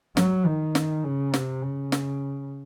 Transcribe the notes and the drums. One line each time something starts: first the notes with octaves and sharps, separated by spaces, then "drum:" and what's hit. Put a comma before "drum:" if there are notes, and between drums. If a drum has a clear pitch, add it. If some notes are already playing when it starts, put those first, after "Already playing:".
F#3, drum: snare
D#3
drum: snare
C#3
C3, drum: snare
C#3
drum: snare